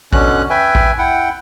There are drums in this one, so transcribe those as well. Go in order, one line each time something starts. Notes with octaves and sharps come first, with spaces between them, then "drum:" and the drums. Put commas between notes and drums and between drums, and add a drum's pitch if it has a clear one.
B2 D3 C#4 F#6, drum: kick
B4 E5 G5 G#5
drum: kick
E4 F#5 G5